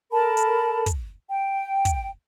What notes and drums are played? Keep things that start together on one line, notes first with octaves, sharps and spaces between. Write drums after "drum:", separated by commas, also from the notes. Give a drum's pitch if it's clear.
A4 A#4 A5 B5
drum: hi-hat
drum: kick, hi-hat
G5
drum: kick, hi-hat